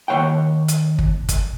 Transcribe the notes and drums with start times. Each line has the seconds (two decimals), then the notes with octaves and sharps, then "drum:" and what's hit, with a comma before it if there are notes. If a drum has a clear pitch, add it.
0.08 D#2 E3 C#5 F#5 G5
0.68 drum: hi-hat
0.99 drum: kick
1.29 drum: kick, hi-hat